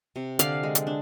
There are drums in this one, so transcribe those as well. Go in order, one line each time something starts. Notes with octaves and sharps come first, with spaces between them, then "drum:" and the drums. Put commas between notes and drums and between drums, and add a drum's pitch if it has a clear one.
C3
D3 D5 F5, drum: hi-hat
G#3
drum: hi-hat
D4